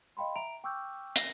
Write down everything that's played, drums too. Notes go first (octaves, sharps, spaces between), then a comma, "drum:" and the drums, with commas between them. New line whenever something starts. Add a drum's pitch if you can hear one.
D#5 F5 G5 B5 C6
E5 A#5 D7 F7
G5 C#6 D6 E6 F6 G6
A#6 C7 F7, drum: hi-hat